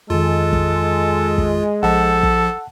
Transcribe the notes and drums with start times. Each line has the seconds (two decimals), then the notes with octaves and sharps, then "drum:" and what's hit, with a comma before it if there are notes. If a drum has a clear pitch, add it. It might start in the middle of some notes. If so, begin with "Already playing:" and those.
0.10 F2 D#3 G#3 F4 A4
0.53 drum: kick
1.38 drum: kick
1.83 A#1 F3 A4 F#5 A5
2.23 drum: kick